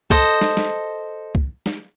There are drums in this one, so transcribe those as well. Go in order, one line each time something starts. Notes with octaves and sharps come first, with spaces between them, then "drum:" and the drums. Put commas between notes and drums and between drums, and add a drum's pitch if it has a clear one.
A4 C5 D#5, drum: kick
drum: snare
drum: snare
drum: kick
drum: snare